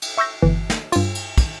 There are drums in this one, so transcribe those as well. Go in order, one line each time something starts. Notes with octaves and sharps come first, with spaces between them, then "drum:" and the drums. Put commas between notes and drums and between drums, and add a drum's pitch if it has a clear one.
drum: cymbal
E5 C#6 E6 G6 A#6
G1 E3
drum: snare
G2 F4, drum: cymbal
drum: cymbal
drum: kick, cymbal